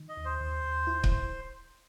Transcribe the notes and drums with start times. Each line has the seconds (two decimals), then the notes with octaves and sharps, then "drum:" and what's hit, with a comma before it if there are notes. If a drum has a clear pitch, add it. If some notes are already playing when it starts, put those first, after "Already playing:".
Already playing: D#3
0.09 D#5
0.17 D#2
0.25 C5
0.40 D#2
0.64 D#2
0.87 E4
1.04 drum: kick C#1